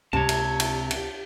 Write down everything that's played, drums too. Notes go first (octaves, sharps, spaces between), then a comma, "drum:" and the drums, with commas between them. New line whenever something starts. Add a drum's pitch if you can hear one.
C#2 C3 C#5 A5
drum: cymbal
drum: cymbal
drum: cymbal